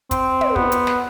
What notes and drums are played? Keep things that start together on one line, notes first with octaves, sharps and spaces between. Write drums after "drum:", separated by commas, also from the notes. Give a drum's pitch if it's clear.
C4, drum: kick, hi-hat
drum: tom
B3, drum: kick
drum: hi-hat
drum: snare